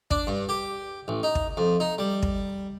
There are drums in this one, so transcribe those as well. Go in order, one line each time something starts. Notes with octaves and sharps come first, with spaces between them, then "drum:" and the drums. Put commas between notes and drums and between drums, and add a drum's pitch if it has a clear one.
D4, drum: kick
G2
G4
A1
D#4
drum: kick
F2
D#4
G3
drum: kick